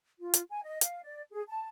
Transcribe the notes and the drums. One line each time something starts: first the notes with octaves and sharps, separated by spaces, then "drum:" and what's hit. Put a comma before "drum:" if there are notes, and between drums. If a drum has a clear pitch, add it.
F4
drum: hi-hat
G#5
D#5
F5, drum: hi-hat
D5
G#4
A5